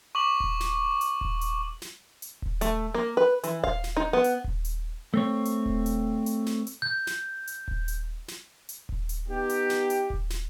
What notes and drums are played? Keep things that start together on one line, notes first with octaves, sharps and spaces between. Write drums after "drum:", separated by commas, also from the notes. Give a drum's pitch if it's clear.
C#6 D6 F#7
drum: kick D#1
drum: snare
drum: hi-hat
drum: kick D#1
drum: hi-hat
drum: snare
drum: hi-hat
drum: kick D#1
A3, drum: hi-hat
A#3
B4
E3, drum: hi-hat
F5, drum: kick D#1
drum: snare
D#4
B3
drum: hi-hat
drum: kick D#1
drum: hi-hat
A3 C4 C#5
drum: hi-hat
drum: kick D#1
drum: hi-hat
drum: hi-hat
drum: snare
drum: hi-hat
G6
drum: snare
drum: hi-hat
drum: kick D#1
drum: hi-hat
drum: snare
drum: hi-hat
drum: kick D#1
drum: hi-hat
B3 D#4 G4
drum: hi-hat
drum: snare
drum: hi-hat
drum: kick D#1
drum: snare